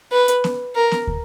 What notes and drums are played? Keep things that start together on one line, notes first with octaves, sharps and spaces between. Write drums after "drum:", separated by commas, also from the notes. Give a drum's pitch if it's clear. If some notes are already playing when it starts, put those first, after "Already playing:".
B4
drum: hi-hat
drum: snare B3
A#4
drum: snare B3
drum: kick